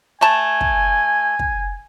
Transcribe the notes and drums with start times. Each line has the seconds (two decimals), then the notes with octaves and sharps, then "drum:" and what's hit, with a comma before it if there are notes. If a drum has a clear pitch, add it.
0.21 A3 G#5 A5
0.61 drum: kick
1.39 drum: kick